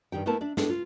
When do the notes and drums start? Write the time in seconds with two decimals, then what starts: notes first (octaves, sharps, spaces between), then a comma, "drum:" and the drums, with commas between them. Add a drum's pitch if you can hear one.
0.12 G2 D#3 G4 G5
0.26 A3 B3 C4 E4 A#4 A5
0.41 D4 D5 E5
0.57 B3 D4 E4 G#4 A4, drum: snare
0.70 F4